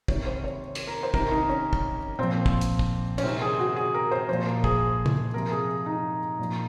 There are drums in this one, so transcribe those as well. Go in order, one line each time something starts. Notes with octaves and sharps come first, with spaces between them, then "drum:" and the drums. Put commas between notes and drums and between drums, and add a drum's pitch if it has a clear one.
C3 D#3 C#5, drum: kick
C5
C#5
drum: cymbal
A#4
C5
C3 D#3 A#4, drum: kick
D#4
C#4
drum: kick
A#2 F3 C4
drum: kick
drum: hi-hat
drum: kick
C#4, drum: cymbal
C3 D#3 C4
G#4
F#4
G#4
A#4
C5
A#2 F3 C5
A#4
G#4, drum: kick
drum: tom
C3 F3 A#4
G#4
D#4
A#2 F3